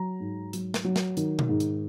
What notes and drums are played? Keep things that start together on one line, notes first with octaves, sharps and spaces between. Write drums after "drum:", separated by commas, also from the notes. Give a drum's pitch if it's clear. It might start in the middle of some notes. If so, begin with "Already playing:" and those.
Already playing: F#3 A#5
G#2
F#3, drum: hi-hat
drum: snare
F#3
drum: snare
D#3, drum: hi-hat
drum: tom B2
G#2
drum: hi-hat